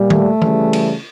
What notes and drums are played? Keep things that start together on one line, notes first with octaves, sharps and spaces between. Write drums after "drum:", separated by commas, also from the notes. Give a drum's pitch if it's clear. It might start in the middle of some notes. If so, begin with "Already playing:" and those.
Already playing: A#2 G3
A3, drum: tom D#3
C#3 E3 G3, drum: tom
drum: cymbal